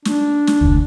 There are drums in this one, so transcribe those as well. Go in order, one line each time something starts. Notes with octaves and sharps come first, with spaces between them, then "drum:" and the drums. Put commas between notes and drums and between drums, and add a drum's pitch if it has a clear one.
D4, drum: snare
drum: snare
F1 D2